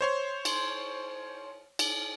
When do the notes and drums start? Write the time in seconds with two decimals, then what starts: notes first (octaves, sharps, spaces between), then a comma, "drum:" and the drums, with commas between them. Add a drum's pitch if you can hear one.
0.01 C5 C#5 C6
0.45 drum: cymbal
1.79 drum: cymbal